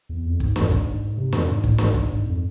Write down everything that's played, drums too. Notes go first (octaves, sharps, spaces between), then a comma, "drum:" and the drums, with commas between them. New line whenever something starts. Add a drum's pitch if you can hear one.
E2
F2
G#2, drum: kick
F2, drum: snare
G#2, drum: kick
C3
F2, drum: snare
G#2
A2, drum: kick
G#2, drum: snare
drum: kick
G#2
F2